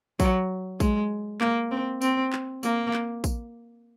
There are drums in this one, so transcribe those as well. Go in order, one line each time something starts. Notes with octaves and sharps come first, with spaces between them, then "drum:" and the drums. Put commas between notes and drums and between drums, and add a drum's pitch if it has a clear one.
F#3, drum: kick, tambourine
G#3, drum: kick, tambourine
A#3, drum: clap
C4
C4, drum: tambourine
drum: clap
A#3, drum: tambourine
drum: clap
drum: kick, tambourine